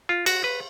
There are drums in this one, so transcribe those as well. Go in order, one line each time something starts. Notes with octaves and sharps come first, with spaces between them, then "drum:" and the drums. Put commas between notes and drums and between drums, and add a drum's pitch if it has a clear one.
F4
F#4, drum: cymbal
B4